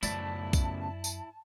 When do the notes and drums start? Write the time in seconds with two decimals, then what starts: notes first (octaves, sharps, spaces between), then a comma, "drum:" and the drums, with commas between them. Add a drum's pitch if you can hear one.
0.03 F#2 A2 C#3 E4 D5 E5 A5, drum: tambourine
0.53 drum: kick B1, tambourine
1.04 drum: tambourine